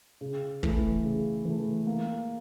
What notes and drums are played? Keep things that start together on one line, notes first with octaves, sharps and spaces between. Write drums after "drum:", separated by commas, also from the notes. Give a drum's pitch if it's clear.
C#3
E3 A3, drum: kick
C#3
E3 A3
A#3